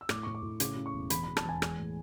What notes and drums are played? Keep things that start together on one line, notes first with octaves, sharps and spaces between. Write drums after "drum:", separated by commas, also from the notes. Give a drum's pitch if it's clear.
E6
A2 D6, drum: rim click
A2 C#6
D6
A2
C#3 D6, drum: hi-hat
C#3
C#6
E1
E2 B5, drum: hi-hat
E2 B5
A5, drum: rim click
E2 G#5
G#3, drum: rim click
A2